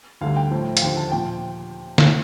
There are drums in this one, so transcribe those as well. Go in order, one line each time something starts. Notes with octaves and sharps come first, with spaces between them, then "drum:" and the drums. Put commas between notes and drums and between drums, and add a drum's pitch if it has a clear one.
D2 D3 G3 F5
G5
A2 F3
F5, drum: hi-hat
D#2 D3 F3 G5
A5
A#2 F3 G5
drum: snare